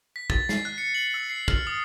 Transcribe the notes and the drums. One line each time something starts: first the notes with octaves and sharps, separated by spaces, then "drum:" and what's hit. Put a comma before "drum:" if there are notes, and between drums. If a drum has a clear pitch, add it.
B6
A6, drum: kick
C7, drum: snare
F#6
C#7
F#7
E6
C7
F6, drum: kick
D#6